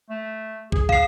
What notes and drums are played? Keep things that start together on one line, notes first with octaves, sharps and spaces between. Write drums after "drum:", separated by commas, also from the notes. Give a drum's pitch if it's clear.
A3
G#4, drum: kick
F5 C7, drum: kick